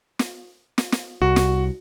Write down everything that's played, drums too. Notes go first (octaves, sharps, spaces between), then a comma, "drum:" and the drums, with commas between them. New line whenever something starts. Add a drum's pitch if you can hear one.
drum: snare
drum: snare
drum: snare
C2 F#4
drum: snare